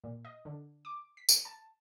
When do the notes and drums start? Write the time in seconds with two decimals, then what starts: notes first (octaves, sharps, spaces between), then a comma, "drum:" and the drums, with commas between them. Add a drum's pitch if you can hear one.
0.04 A#2
0.25 D#5
0.45 D3
0.85 D6
1.17 B6
1.29 drum: tambourine
1.45 A5